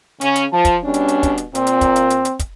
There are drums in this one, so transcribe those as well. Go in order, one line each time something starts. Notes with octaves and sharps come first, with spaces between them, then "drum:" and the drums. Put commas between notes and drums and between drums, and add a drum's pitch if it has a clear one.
C#3 C#4, drum: hi-hat
drum: hi-hat
F3 A5
drum: kick, hi-hat
B2 G3 C#4 D4
drum: hi-hat
drum: hi-hat
drum: kick, hi-hat
drum: hi-hat
A#2 C4, drum: hi-hat
drum: hi-hat
drum: kick, hi-hat
drum: hi-hat
drum: hi-hat
drum: hi-hat
drum: kick, hi-hat